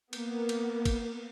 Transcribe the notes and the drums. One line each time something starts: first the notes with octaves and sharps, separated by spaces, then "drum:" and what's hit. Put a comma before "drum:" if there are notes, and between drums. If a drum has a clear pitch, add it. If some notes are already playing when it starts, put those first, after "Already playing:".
A#3 B3, drum: cymbal
drum: cymbal
drum: kick, cymbal